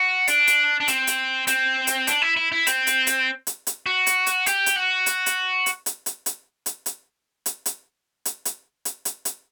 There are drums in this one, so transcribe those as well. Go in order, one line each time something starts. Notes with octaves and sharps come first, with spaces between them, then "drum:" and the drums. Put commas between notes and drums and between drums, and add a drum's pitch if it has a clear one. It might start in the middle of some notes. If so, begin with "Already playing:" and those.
Already playing: F#4
D4, drum: hi-hat
drum: hi-hat
D4
C4, drum: hi-hat
drum: hi-hat
C4, drum: hi-hat
drum: hi-hat
D4, drum: hi-hat
E4
E4
E4
C4, drum: hi-hat
drum: hi-hat
drum: hi-hat
drum: hi-hat
drum: hi-hat
F#4
drum: hi-hat
drum: hi-hat
G4, drum: hi-hat
drum: hi-hat
F#4
drum: hi-hat
drum: hi-hat
drum: hi-hat
drum: hi-hat
drum: hi-hat
drum: hi-hat
drum: hi-hat
drum: hi-hat
drum: hi-hat
drum: hi-hat
drum: hi-hat
drum: hi-hat
drum: hi-hat
drum: hi-hat
drum: hi-hat